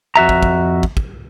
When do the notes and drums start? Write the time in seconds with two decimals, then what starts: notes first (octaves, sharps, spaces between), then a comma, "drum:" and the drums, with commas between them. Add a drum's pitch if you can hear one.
0.16 F2 F#4 E5 A#5
0.29 drum: kick
0.43 drum: kick
0.83 drum: kick
0.97 drum: kick